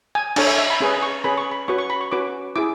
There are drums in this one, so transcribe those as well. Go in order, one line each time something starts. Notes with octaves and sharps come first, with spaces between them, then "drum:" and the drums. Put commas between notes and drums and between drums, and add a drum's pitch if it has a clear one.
G#5
D4 A4 C#5 G#5, drum: cymbal
E5
E5
B5
C#4 G#4 B4
C#6
C#4 G#4 B4 B5
C#6
B5
C#4 F#4 B4 C#6
C#6
B5
C#6
C#4 F#4 B4 D6
E4 G#4 D6